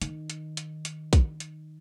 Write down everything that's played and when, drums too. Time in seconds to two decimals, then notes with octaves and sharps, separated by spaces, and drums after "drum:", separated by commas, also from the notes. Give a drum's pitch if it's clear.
0.02 D#3, drum: hi-hat
0.30 drum: hi-hat
0.57 drum: hi-hat
0.85 drum: hi-hat
1.13 drum: kick, hi-hat
1.40 drum: hi-hat